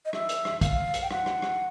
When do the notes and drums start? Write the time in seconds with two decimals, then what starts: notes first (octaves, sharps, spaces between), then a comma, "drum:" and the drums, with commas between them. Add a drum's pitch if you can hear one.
0.05 D#5
0.13 E5, drum: rim click
0.29 drum: hi-hat
0.45 drum: rim click
0.61 F5, drum: kick, hi-hat
0.94 drum: hi-hat
1.03 G5
1.11 F#5, drum: rim click
1.26 drum: rim click
1.42 drum: rim click